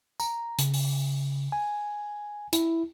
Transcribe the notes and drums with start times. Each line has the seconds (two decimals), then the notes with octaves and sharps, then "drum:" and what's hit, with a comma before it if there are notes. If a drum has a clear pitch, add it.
0.20 A#5, drum: tambourine
0.59 C#3, drum: hi-hat
0.74 drum: open hi-hat
1.52 G#5
2.53 E4, drum: hi-hat